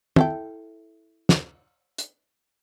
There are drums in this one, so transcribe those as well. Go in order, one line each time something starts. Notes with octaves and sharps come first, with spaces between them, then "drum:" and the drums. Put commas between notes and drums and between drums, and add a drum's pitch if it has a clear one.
E4 A4 G5, drum: tom
drum: snare
drum: hi-hat